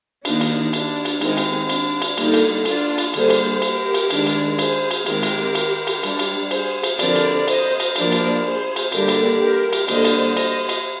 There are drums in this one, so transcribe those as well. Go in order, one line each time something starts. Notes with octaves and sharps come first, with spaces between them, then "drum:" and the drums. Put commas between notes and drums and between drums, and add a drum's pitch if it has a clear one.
D#3 A#3 D4 D#4, drum: cymbal
drum: cymbal
D4, drum: cymbal
drum: cymbal
D#3 G#3 C4 D#4, drum: cymbal
drum: cymbal
D4, drum: cymbal
drum: cymbal
D3 G3 A#3 D#4, drum: cymbal
drum: cymbal
D4 F4, drum: cymbal
drum: cymbal
D3 G3 A#3 G#4 C5, drum: cymbal
drum: cymbal
G4 A#4, drum: cymbal
drum: cymbal
D#3 G#3 D4, drum: cymbal
drum: cymbal
G#4 C5, drum: cymbal
drum: cymbal
D#3 G#3 C4 G4 A#4, drum: cymbal
drum: cymbal
drum: cymbal
drum: cymbal
G3 D4, drum: cymbal
drum: cymbal
G#4 C5, drum: cymbal
drum: cymbal
D3 F3 C4 A#4 D5, drum: cymbal
drum: cymbal
C5 D#5, drum: cymbal
drum: cymbal
F3 A#3 D4 A#4 D5, drum: cymbal
drum: cymbal
G#4 C5
drum: cymbal
D3 G3 A#3 D4 G4 A#4, drum: cymbal
drum: cymbal
G4 A#4
drum: cymbal
D3 G3 A#3 D4 C5 D#5, drum: cymbal
drum: cymbal
C5 D#5, drum: cymbal
drum: cymbal